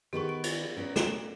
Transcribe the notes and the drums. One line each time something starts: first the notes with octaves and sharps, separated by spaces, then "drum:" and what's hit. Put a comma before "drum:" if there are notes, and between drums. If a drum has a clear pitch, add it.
D#3 B3 G4 G#4 B4 C#6
D7
drum: cymbal
B3 C#4 A#4
A4, drum: snare